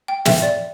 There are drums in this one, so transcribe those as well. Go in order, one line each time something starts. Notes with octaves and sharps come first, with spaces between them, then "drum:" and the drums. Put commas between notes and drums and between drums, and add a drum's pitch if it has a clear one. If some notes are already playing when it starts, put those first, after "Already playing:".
G5
E5, drum: snare
D5